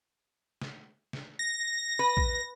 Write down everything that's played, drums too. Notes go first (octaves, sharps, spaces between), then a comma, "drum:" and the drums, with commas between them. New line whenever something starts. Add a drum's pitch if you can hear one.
drum: snare
drum: snare
A#6
B4
drum: kick A#1